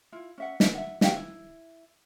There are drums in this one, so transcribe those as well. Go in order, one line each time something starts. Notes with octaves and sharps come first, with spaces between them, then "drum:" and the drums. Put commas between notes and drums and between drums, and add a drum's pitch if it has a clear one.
E4 F4
C#4 E5 F#5
E4 A#4, drum: snare
E5 F#5
F#4 G4 F5 G5, drum: snare
E4